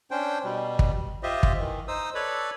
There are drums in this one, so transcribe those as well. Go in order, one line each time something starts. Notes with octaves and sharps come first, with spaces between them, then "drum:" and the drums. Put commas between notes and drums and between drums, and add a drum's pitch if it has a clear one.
C#4 D4 C5 G5
B2 G3
drum: kick
F4 G4 C5 D#5 E5
drum: kick
D#3 E3
D#4 C5 D#6 E6
A4 B4 C#5 D5 B5